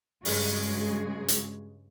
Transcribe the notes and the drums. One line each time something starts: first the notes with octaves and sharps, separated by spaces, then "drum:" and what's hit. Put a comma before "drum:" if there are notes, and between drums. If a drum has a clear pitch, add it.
G2 C#3 G#3 F#4 G#4, drum: open hi-hat
drum: hi-hat